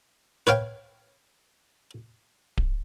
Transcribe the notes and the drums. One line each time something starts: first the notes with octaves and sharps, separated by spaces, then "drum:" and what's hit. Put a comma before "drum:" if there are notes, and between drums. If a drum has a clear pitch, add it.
B4 C#5 F5 G5, drum: snare
drum: kick D1